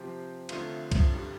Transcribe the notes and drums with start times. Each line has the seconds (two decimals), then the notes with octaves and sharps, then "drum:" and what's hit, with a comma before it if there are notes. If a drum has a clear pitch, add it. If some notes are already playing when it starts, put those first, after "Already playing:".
Already playing: C3 F3 C4 G4
0.49 D3 A3 C4 F4, drum: cymbal
0.92 drum: kick, cymbal
1.13 G2 D3 G3